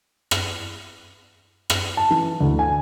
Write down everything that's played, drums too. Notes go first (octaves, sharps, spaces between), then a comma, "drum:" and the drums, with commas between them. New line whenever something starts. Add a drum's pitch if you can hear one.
drum: rim click
drum: rim click
A5
E3
D2
G#5